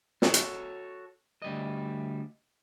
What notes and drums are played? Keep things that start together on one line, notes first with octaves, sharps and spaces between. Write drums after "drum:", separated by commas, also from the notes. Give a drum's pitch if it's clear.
F#4 A4 C#5, drum: snare
drum: hi-hat
D2 G3 D#5